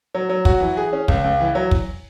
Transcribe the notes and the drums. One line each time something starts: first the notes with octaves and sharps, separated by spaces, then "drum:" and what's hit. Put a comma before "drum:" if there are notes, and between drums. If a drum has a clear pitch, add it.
F#3
F#3
F#4, drum: kick
E3
G#4
C#4
C#2, drum: kick
C#2
E3
F#3
drum: kick